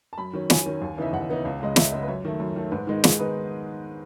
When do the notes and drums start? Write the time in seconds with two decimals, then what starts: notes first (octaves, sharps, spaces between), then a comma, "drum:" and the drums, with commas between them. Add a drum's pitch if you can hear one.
0.13 A5
0.18 F#2 B5
0.33 D#3 F#3 C#4
0.50 F#2 G#5, drum: snare
0.66 D#3 F#3 C#4
0.82 D#2
0.98 C#3 E3 B3 D#4 E5
1.13 D#2 F#5
1.29 C#3 E3 B3 D#4
1.45 C#2
1.61 C#3 G#3 D#5
1.76 C#2 E5, drum: snare
1.92 C#3 G#3 D#5
2.03 B4
2.08 F#2 C#5
2.25 D#3 A3
2.40 F#2
2.56 D#3 A3
2.71 G#2 B4
2.87 D#3 G#3 B3 D#4
3.04 G#2 G#4, drum: snare
3.19 D#3 G#3 B3 D#4 B4